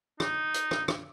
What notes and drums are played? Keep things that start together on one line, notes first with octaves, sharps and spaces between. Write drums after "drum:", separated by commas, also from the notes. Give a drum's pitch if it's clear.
D#4, drum: rim click
drum: hi-hat
drum: rim click
drum: rim click